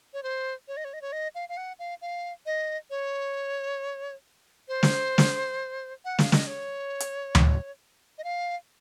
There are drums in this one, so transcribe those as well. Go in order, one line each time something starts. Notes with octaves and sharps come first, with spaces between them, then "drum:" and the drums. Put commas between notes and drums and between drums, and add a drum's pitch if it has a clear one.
C#5
C5
C#5
D#5
C#5
D#5
C#5
D#5
F5
F5
F#5
F5
F5
D#5
C#5
C5
drum: snare
drum: snare
F#5
F5, drum: snare
D#5, drum: snare
C#5
drum: hi-hat
drum: tom D2
D#5
F5